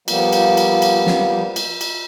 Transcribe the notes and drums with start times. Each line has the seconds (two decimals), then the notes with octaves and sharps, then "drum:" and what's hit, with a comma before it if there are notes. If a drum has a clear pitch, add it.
0.08 F3 G3 A#3 B3, drum: cymbal
0.33 drum: cymbal
0.57 drum: cymbal
0.82 drum: cymbal
1.07 drum: snare
1.56 drum: cymbal
1.81 drum: cymbal